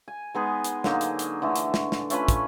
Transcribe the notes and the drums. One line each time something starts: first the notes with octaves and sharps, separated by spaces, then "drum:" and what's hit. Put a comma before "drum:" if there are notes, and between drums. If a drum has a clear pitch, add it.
G#5
G#3 B3 D#4 G#4
drum: hi-hat
D3 F#3 A#3 D#4, drum: snare
drum: hi-hat
drum: hi-hat
D3 E3 A3
drum: hi-hat
drum: snare
drum: snare
A3 C#4 F4 B4, drum: hi-hat
drum: kick, hi-hat